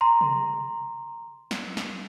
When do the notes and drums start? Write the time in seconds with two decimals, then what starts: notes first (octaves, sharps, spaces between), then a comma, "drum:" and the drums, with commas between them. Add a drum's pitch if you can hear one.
0.01 A#5 C6
0.21 drum: tom C3
1.51 drum: snare
1.77 drum: snare